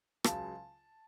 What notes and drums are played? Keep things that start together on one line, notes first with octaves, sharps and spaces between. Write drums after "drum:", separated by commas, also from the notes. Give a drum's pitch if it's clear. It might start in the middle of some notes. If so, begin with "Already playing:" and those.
C#2 C#3 F#3 A5, drum: rim click